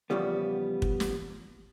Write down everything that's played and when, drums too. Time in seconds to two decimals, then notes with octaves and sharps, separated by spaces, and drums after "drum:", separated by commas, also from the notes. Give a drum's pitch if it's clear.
0.10 E2 C#3 F3 G3 B3
0.82 drum: kick
1.00 drum: snare